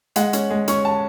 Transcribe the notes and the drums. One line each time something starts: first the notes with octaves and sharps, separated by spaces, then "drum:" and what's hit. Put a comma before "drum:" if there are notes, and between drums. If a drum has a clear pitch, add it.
G#3 F#5, drum: hi-hat
C#4, drum: hi-hat
G#3
C#4 C#6, drum: hi-hat
A5